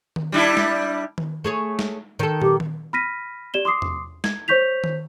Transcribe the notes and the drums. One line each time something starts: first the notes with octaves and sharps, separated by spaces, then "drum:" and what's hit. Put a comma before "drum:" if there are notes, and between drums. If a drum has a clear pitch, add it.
drum: tom D#3
G3 D4 E4
drum: snare
drum: tom D#3
A3 G#4 C#5
drum: snare
D#3 A4
G4, drum: tom
drum: tom D#3
B5 F6 A#6 B6 D#7
G4 D5 E7 G7
C6 D6 D#6 C7
drum: tom E2
G#6, drum: snare
C5 C#5 C#6 G6 B6 F7
drum: tom D#3